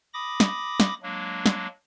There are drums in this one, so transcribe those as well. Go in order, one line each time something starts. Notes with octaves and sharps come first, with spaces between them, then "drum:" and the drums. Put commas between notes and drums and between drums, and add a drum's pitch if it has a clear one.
B5 D6 D#6 A#6
drum: snare
drum: snare
F#3 G#3 A#3 D4
drum: snare